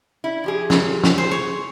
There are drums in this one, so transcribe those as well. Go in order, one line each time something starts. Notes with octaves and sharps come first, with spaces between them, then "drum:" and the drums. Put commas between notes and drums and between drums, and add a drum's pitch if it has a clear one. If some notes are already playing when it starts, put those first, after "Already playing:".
E4
F3 G4 G#4
C#3, drum: snare
drum: snare
G#4 C5
C#5